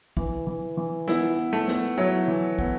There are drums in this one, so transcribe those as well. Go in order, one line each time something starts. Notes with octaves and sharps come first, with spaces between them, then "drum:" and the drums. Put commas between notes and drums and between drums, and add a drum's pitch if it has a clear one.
E3, drum: kick
E3
E3
B3 E4, drum: snare
B3
A3
B3, drum: snare
F#3 E4
E3
B3, drum: kick